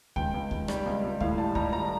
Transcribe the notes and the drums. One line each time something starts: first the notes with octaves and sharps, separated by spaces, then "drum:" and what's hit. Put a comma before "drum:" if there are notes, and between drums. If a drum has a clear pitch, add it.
C#2 G5, drum: kick D2
C#2
C#2, drum: kick D2
G3, drum: rim click
C#2
C#2
A2 F5, drum: kick D2
G3 A5
G3 A#5, drum: kick D2
G3 A#5